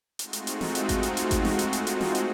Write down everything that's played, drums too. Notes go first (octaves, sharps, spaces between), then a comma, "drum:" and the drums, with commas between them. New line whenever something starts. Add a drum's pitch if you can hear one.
G#3 A3 C4 D#4 F4 F#4, drum: hi-hat
drum: hi-hat
drum: hi-hat
drum: snare
drum: hi-hat
drum: kick G#1, hi-hat
drum: hi-hat
drum: hi-hat
drum: kick G#1, hi-hat
drum: snare
drum: hi-hat
drum: hi-hat
drum: hi-hat
drum: snare
drum: hi-hat